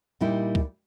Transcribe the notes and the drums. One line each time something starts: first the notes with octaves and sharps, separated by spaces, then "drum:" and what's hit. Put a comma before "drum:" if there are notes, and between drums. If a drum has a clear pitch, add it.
A#2 G3 D#4 E4 G4
drum: kick